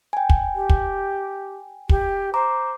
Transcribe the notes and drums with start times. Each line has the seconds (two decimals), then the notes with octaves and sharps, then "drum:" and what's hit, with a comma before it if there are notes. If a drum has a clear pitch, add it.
0.13 G5 G#5
0.30 drum: kick
0.55 G4
0.70 drum: kick
1.89 G4, drum: kick
2.34 C5 A#5 D6